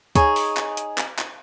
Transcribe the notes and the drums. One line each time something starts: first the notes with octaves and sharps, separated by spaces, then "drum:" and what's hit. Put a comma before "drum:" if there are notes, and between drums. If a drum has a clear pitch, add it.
D#4 G#4 C#5, drum: kick, hi-hat
drum: open hi-hat
drum: clap
drum: hi-hat
drum: clap
drum: clap